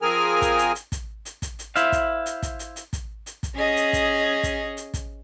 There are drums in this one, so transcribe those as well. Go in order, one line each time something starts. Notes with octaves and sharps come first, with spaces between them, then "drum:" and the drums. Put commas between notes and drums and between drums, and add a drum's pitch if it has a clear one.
F3 C4 G#4 A#4 G#5 F6
drum: kick, hi-hat
drum: hi-hat
drum: hi-hat
drum: kick, hi-hat
drum: hi-hat
drum: kick, hi-hat
drum: hi-hat
E4 C5 E5 F5, drum: hi-hat
drum: kick, hi-hat
drum: hi-hat
drum: kick, hi-hat
drum: hi-hat
drum: hi-hat
drum: kick, hi-hat
drum: hi-hat
drum: kick, hi-hat
C#4 G#4 D#5
drum: hi-hat
drum: kick, hi-hat
drum: kick, hi-hat
drum: hi-hat
drum: kick, hi-hat